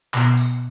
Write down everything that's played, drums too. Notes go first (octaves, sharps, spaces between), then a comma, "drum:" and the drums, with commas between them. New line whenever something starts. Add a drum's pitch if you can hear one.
B2, drum: clap
drum: tambourine